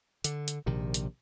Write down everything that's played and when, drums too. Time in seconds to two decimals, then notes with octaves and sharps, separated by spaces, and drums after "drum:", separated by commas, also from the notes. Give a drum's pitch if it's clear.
0.24 D3, drum: hi-hat
0.48 drum: hi-hat
0.66 A#1 C3 D#3
0.94 drum: hi-hat